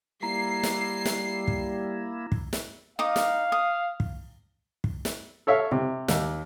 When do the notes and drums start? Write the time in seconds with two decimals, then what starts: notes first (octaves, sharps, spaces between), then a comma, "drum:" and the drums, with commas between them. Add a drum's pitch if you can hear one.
0.23 G3 A#3 E4 A#5 C7
0.63 drum: snare
1.05 drum: snare
1.48 drum: kick
2.32 drum: kick
2.53 drum: snare
2.99 D#4 F5 D6 D#6
3.16 drum: snare
3.52 D#6
4.00 drum: kick
4.84 drum: kick
5.05 drum: snare
5.47 A4 C#5 E5 F5
5.72 C3
6.08 D#2, drum: snare